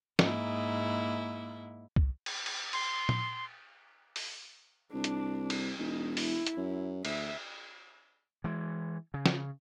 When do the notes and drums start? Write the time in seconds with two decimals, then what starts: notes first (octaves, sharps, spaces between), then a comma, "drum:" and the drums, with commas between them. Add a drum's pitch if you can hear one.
0.19 G#2 A#3 E4, drum: snare
1.96 drum: kick
2.26 drum: cymbal
2.46 drum: cymbal
2.73 C6, drum: cymbal
3.09 drum: tom A#2
4.16 drum: open hi-hat
4.94 C2 D4
5.04 drum: hi-hat
5.50 drum: cymbal
5.79 E1 D#4
6.17 E4, drum: open hi-hat
6.47 drum: hi-hat
6.57 F#2
7.05 D2 E5, drum: cymbal
8.44 E3 G#3
9.14 C#3
9.26 drum: snare